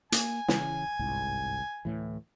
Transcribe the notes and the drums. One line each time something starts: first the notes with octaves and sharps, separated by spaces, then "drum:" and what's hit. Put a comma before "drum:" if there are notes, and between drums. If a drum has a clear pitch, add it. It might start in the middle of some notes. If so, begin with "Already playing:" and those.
A#3 G#5, drum: hi-hat
C#3 E3, drum: snare
G1 C2 G#2
D2 A2 E3